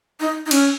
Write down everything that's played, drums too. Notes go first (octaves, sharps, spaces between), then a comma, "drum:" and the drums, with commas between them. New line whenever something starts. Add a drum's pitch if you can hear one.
D#4
D#4
C#4, drum: cymbal